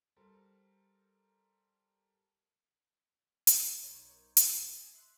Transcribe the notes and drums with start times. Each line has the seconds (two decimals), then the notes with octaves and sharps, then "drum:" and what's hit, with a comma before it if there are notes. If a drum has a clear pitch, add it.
0.16 G3 A4 A#4 C5
3.47 drum: hi-hat
3.83 B1 D#4 A#4 C5 C#5
4.37 drum: hi-hat
4.77 D#5 G#5
4.94 E5 C6 F#6